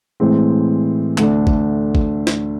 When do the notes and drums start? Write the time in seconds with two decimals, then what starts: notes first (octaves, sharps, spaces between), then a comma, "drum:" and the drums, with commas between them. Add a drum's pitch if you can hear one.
0.20 A2 E3 G#3 C4
1.18 D2 D3 A3 D4, drum: clap
1.47 drum: kick
1.95 drum: kick
2.27 drum: snare